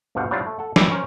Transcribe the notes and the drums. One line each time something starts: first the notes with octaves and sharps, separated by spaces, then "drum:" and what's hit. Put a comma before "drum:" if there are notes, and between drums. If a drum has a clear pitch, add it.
D2 G2 B2 C5 F5 F#5
F#3 G3 C4 D4 E4 F4
A3
A4 F#5
G3 G#3 E4 C#5 E5, drum: snare
C#4 A#4 C5